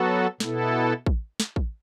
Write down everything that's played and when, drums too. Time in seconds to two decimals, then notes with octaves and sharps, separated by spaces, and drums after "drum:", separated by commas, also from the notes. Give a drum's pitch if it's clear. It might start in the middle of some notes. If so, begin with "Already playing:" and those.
Already playing: F#3 B3 F#4 A4
0.40 B2 B3 E4 A4, drum: snare
1.06 drum: kick
1.40 drum: snare
1.56 drum: kick